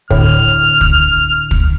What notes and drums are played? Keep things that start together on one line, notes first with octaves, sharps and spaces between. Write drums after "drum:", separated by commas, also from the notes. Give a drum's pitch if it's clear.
A2 D3 F6, drum: kick
drum: kick
drum: kick